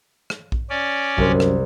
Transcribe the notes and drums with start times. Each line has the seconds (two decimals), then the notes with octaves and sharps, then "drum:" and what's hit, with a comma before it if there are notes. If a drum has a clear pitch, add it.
0.30 drum: rim click
0.52 drum: kick A#1
0.70 C#4 D5
1.18 C2 F#2 C5, drum: kick A#1
1.40 drum: rim click